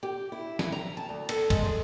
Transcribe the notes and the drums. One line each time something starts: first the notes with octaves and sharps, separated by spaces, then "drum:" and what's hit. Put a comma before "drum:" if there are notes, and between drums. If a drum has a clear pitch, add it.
G4
E4
E4, drum: snare
A#5
A5
D2
A4, drum: cymbal
G#3, drum: kick, cymbal
G#4